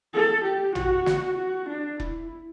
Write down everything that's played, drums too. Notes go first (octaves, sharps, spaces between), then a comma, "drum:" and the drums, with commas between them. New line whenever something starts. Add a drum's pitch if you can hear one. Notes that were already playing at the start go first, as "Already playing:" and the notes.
A4
G4
F#4, drum: tom A1
drum: snare
F#4
D4
E4, drum: kick F1